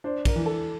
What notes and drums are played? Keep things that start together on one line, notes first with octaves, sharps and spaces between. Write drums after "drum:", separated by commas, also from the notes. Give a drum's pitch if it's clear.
D4 C5
A#4, drum: kick, cymbal
E3
A4